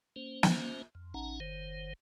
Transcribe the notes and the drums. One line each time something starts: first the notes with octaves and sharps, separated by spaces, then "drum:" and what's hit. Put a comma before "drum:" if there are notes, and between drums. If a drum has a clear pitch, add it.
A#3 C#4 C5
drum: snare
F2
A1 C#4 D#4 F#5 A#5
F#1 D#3 C5